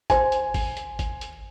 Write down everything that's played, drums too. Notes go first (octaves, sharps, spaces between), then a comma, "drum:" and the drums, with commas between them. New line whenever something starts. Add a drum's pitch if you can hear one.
C5 G#5, drum: kick G#1, hi-hat
drum: hi-hat
drum: kick G#1, open hi-hat
drum: hi-hat
drum: kick G#1, hi-hat
drum: hi-hat